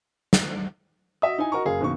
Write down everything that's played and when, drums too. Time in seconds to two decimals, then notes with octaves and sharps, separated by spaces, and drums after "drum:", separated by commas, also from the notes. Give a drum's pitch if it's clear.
0.33 drum: snare
1.22 F#4 D#5 E5 D#6
1.38 D#4 E4 G#5
1.52 F#4 A#4 D#5 A#5 C#6
1.65 F#1 A#3 G#4 F5
1.80 F#1 B2 D#3 A#3 C#6